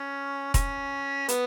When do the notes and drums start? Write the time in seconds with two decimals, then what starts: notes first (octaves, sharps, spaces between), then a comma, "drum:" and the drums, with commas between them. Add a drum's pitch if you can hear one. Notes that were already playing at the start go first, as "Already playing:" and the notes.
Already playing: C#4
0.54 C#4, drum: kick E1, hi-hat
1.29 B3, drum: hi-hat